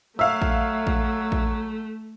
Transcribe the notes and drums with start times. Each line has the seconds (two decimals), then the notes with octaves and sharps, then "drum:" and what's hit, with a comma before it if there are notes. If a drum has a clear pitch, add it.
0.19 F#3 A3 E5 F5 E6
0.42 drum: kick A1
0.87 drum: kick A1
1.32 drum: kick A1